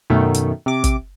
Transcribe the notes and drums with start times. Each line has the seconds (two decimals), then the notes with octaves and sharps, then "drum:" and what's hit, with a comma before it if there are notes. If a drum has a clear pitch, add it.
0.10 F#2 B2 D#3 A3
0.34 drum: hi-hat
0.66 C3 D6
0.84 drum: kick, hi-hat